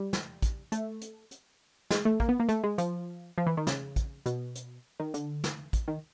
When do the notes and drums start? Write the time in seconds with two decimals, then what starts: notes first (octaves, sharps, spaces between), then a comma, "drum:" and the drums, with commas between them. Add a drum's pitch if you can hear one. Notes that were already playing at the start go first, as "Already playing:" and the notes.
Already playing: G3
0.13 drum: snare
0.42 drum: kick, hi-hat
0.72 A3, drum: hi-hat
1.01 drum: hi-hat
1.31 drum: hi-hat
1.90 G#3, drum: snare
2.05 A3
2.20 A#3, drum: kick
2.29 B3
2.40 A#3
2.49 A3, drum: hi-hat
2.64 G#3
2.78 F3, drum: hi-hat
3.38 F3
3.47 E3
3.57 D#3
3.67 C#3, drum: snare
3.96 drum: kick, hi-hat
4.26 B2, drum: hi-hat
4.55 drum: hi-hat
5.00 D#3
5.14 D3, drum: hi-hat
5.44 drum: snare
5.73 drum: kick, hi-hat
5.88 D#3